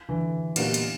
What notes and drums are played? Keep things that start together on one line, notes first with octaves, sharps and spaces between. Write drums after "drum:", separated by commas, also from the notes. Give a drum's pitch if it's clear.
D3 E3
A#2 G3 B3 D#4 F#4, drum: cymbal
drum: cymbal